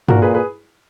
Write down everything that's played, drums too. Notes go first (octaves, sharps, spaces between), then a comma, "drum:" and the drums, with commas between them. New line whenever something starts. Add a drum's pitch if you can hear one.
A#2 F#4 A#4, drum: tom G2
G#4 B4
G#4 B4